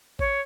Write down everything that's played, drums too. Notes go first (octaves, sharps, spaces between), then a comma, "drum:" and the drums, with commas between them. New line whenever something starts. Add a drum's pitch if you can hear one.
C#5, drum: kick G#1